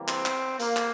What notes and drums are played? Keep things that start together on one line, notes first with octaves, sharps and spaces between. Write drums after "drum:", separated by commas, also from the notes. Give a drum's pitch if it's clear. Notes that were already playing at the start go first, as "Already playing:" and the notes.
Already playing: C3 E3 G3 A#3
C4, drum: clap
drum: clap
A#3, drum: hi-hat
drum: clap